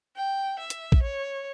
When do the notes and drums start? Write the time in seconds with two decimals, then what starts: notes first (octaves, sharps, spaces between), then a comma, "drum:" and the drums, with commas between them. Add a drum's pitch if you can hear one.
0.17 G5
0.60 E5
0.70 drum: hi-hat
0.92 drum: kick
1.03 C#5